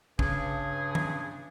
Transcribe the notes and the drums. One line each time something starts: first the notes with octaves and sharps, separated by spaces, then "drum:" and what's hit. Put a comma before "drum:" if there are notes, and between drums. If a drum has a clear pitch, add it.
G2 C#3 G#4, drum: kick
drum: tom D#3